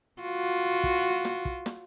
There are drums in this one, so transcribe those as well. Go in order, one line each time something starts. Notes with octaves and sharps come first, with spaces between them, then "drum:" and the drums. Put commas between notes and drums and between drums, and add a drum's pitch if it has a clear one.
F4 F#4
drum: kick
drum: snare
drum: kick
drum: snare